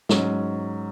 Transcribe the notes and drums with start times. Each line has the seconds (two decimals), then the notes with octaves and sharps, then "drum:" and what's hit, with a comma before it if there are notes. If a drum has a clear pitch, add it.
0.09 G#2 F#3 C#4, drum: snare